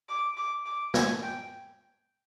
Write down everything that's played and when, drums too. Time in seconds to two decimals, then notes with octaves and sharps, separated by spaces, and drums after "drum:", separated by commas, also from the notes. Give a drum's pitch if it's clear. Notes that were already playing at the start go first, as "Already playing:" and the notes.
0.09 D6
0.37 D6
0.66 D6
0.94 G#5, drum: snare
1.23 G5